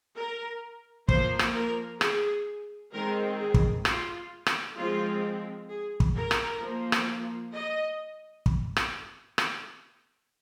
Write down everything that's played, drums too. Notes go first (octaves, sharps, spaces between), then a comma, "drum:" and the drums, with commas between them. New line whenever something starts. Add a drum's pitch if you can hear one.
A#4
F3 A#3 C5, drum: kick
drum: rim click
A#4
G#4, drum: rim click
D#3 G#3 C4 A#4
G#4
drum: kick
F4, drum: rim click
drum: rim click
F3 G#3 C4 F4
G#4
drum: kick
A#4
drum: rim click
F3 A#3
drum: rim click
D#5
drum: kick
drum: rim click
drum: rim click